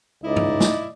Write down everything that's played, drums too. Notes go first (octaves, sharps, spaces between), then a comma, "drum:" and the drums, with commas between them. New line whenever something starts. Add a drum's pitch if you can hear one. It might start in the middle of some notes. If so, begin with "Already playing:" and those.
C#2 D#4 E4 D5 D#5
drum: tom G2
drum: snare